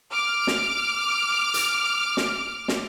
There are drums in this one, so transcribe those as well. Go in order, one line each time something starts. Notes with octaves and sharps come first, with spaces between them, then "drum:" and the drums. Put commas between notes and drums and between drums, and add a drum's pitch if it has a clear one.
D6 F6
drum: snare
drum: hi-hat
drum: snare
drum: snare